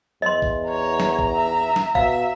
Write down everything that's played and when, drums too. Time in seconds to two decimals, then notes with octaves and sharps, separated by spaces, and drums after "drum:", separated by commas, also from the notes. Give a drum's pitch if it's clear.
0.22 E2 D#5 C6
0.42 drum: kick
0.70 C#5 A#5
1.00 drum: snare
1.19 drum: kick
1.36 E5
1.76 drum: snare
1.95 B2 E5 F5, drum: kick